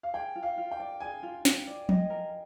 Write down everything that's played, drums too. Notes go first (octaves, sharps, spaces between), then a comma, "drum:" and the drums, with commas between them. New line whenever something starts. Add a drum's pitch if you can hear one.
F5
G#4 G5
F4
F5
F4
G5
D5
G#4 G#5
F4
F4, drum: snare
D5
D#5, drum: tom F3
A#4